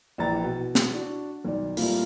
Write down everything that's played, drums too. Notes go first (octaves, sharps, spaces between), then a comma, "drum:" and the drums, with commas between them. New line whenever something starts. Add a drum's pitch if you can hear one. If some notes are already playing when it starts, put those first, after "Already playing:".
A#1 E3 D5 G5 A#5 A6
B2
drum: snare
D4 F#4
B1 D#3 D5
A#2 G3 A3 A#3 C4 F4, drum: open hi-hat